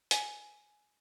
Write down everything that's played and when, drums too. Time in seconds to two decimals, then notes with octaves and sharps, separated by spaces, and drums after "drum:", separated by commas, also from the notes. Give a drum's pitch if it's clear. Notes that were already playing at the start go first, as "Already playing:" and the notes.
0.11 G#5, drum: hi-hat